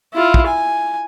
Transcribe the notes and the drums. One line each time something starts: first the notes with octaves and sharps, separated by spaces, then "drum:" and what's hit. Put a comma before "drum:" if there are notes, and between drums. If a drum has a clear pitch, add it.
E4 F4
drum: kick
G#5